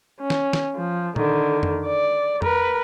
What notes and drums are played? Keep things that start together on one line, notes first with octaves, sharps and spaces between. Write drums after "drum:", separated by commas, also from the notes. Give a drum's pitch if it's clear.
C#4
drum: snare
drum: snare
F3
D3 D#3, drum: tom A#2
drum: tom F2
D5
A#4 B4, drum: tom F2